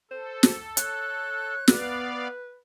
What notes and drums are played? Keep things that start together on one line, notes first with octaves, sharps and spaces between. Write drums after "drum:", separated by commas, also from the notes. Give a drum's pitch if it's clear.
A4 C5
drum: snare
C#5 F#6, drum: hi-hat
B3 B4 D5 F5, drum: snare